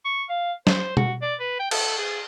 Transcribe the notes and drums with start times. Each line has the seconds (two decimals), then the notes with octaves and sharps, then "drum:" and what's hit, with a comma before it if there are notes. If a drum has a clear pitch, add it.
0.05 C#6
0.29 F5
0.67 C5, drum: snare
0.97 F#4, drum: tom B2
1.22 D5
1.40 B4
1.59 G5
1.71 A4, drum: cymbal
1.99 G#4